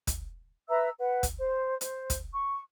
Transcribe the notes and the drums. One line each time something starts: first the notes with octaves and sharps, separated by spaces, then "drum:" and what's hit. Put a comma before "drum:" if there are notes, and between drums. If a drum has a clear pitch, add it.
drum: kick, hi-hat
B4 E5 A#5 E6
B4 F#5
drum: kick, hi-hat
C5
C5, drum: hi-hat
drum: kick, hi-hat
C#6